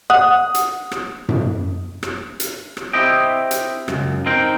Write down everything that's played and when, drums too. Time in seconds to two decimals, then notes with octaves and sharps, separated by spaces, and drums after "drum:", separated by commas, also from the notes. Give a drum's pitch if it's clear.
0.10 F#5 D#6
0.54 drum: hi-hat
0.92 drum: rim click
1.29 drum: tom F#2
2.03 drum: rim click
2.40 drum: hi-hat
2.77 drum: rim click
2.93 C4 E4 G4 D#5 G5
3.51 drum: hi-hat
3.88 C#2 F#2, drum: rim click
4.26 C4 D#4 A#4 G5